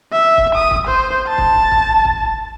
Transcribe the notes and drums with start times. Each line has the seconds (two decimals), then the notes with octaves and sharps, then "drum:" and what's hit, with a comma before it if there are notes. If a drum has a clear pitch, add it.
0.13 E5
0.37 drum: kick
0.55 D#6
0.71 drum: kick
0.88 C5
1.28 A5
1.38 drum: kick
1.72 drum: kick
2.05 drum: kick